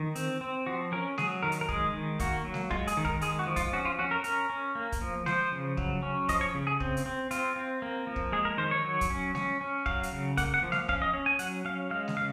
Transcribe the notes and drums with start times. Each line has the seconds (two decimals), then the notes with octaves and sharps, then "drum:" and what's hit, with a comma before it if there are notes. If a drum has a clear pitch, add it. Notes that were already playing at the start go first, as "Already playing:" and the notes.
Already playing: D#3
0.15 C4, drum: hi-hat
0.41 C4
0.66 F3 F#4
0.92 C#4 A#4
1.18 F#3 G#4, drum: snare G#3
1.43 D#3 A#4
1.52 drum: hi-hat
1.61 A#4
1.69 G#3 G#4, drum: kick
1.94 D#3
2.19 A#3 F#4, drum: kick, hi-hat
2.45 F#3
2.54 drum: snare G#3
2.71 G#3 F4, drum: kick
2.87 G#4, drum: hi-hat
2.97 D#3
3.05 A#4, drum: kick
3.21 G#3 G#4, drum: hi-hat
3.39 F#4
3.47 F3
3.56 F4, drum: kick, hi-hat
3.73 C#4 F#4
3.85 F4
3.99 C#4 F#4
4.11 A#4
4.24 C#4 A#4, drum: hi-hat
4.50 C#4
4.75 A#3
4.92 drum: kick, hi-hat
5.01 F3
5.26 F3 C5, drum: snare G#3
5.52 C#3
5.77 F#3, drum: kick
6.03 C#4
6.29 F3 D#5, drum: kick, hi-hat
6.41 C#5
6.55 C#3
6.67 G#4
6.80 C4, drum: kick
6.97 drum: hi-hat
7.06 C4
7.31 C4 F4, drum: hi-hat
7.56 C4
7.82 A#3
8.07 F3
8.16 drum: kick
8.32 G#3 G#4
8.45 A#4
8.58 D#3 C5
8.71 C#5
8.84 F#3
9.01 drum: kick, hi-hat
9.10 C#4
9.35 C#4, drum: snare G#3
9.61 C#4
9.86 F#3 F5, drum: kick
10.03 drum: hi-hat
10.12 C#3
10.37 A#3 F#5, drum: kick, hi-hat
10.54 F#5
10.63 F3
10.72 F5, drum: snare G#3
10.89 C#4 F5, drum: kick
11.02 D#5
11.13 C#4
11.26 G#5
11.39 F#3 F#5, drum: hi-hat
11.65 C#4 F5
11.90 G#3 F5
12.08 drum: snare G#3
12.17 C#3 F5